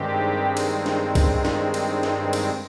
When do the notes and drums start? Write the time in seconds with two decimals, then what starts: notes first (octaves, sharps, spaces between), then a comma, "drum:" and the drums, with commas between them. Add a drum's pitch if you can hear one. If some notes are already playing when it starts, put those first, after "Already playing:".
Already playing: G2 D#3 G#3 C4 G4
0.57 drum: cymbal
0.86 drum: snare
1.15 drum: kick C2, cymbal
1.45 drum: snare
1.74 drum: cymbal
2.03 drum: snare
2.33 G#4, drum: cymbal